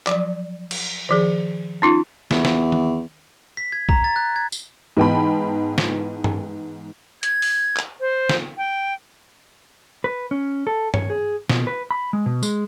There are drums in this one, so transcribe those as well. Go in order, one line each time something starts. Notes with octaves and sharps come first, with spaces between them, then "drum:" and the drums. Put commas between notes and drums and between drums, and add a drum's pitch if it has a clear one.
F3 F#3, drum: clap
drum: cymbal
D#3 F3 G#4
C#4 D#4 F4
E2, drum: snare
drum: snare
drum: tom D#3
B6
G#6
A#5, drum: kick
A6
F#6
G#6
drum: tambourine
G#2 E3 B3 G5 A5 B5
drum: snare
drum: tom G2
G#6, drum: hi-hat
drum: open hi-hat
drum: clap
C5
drum: snare
G5
B4
C#4
A4
C#5, drum: tom G2
G#4
B2, drum: snare
B4
B5
G#3
B2
G#3, drum: tambourine